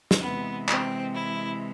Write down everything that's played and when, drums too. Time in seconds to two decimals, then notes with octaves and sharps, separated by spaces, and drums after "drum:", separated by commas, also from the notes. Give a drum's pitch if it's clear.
0.11 drum: snare
0.22 C3 E3 G#3 B3
0.69 C4, drum: clap
1.15 E4